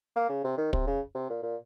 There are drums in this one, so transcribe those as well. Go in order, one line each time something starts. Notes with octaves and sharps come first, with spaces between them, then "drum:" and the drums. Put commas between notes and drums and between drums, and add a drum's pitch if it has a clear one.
A#3
C#3
C3
D#3
C3, drum: kick
C#3
C3
A#2
A#2